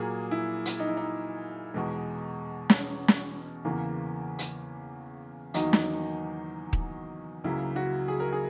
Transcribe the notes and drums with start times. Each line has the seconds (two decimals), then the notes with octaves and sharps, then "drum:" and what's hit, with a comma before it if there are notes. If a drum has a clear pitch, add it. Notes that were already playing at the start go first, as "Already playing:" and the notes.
Already playing: A#2 F#3 A#3 G#4
0.31 E4
0.65 drum: hi-hat
0.79 D#4
0.88 E4
0.97 D#4
1.74 E2 B2 G#3
2.70 C#4, drum: snare
3.08 drum: snare
3.65 E2 C#3 E3 A#3
4.39 drum: hi-hat
5.54 E2 D#3 F#3 A#3 D#4, drum: hi-hat
5.73 drum: snare
6.73 drum: kick D#1
7.44 C#2 C#3 F#3 A#3 E4
7.76 F#4
8.08 G#4
8.20 A#4
8.32 G#4